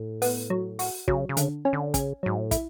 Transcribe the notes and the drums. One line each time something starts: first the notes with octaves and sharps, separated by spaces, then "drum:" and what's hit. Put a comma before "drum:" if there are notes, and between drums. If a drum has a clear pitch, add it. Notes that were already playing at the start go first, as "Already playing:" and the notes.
Already playing: A2
B3, drum: open hi-hat
F#3
F#4, drum: open hi-hat
C#3 F#3, drum: kick
C#3
D3, drum: hi-hat
C#4
D3
C#3 C#4, drum: kick, hi-hat
G#2 F#3
A2
E4, drum: kick, hi-hat